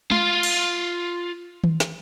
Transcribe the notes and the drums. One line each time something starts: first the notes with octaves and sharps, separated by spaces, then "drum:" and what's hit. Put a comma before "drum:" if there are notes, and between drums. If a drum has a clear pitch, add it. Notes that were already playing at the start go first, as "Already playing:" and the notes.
F4 F5, drum: tom G#3
drum: cymbal
drum: tom D#3
drum: snare